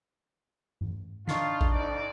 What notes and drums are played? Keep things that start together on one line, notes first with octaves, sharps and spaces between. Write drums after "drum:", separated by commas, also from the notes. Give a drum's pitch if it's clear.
drum: tom G2
D4 D#4 F4 C#6 A6 C7, drum: snare
drum: kick A1
F2 D5